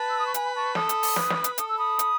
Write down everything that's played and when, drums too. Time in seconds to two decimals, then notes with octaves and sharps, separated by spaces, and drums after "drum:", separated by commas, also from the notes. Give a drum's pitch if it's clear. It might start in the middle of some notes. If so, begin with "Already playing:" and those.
Already playing: B4 A5
0.10 E6
0.19 D#6
0.26 C#6
0.34 G#5 B5, drum: hi-hat
0.45 B5
0.55 A5 C#6
0.75 A4 B5 D#6, drum: snare
0.89 drum: hi-hat
1.03 drum: open hi-hat
1.16 B4, drum: snare
1.30 drum: snare
1.44 drum: hi-hat
1.58 A4 D#6, drum: hi-hat
1.67 E6
1.77 B5 D#6
1.99 drum: hi-hat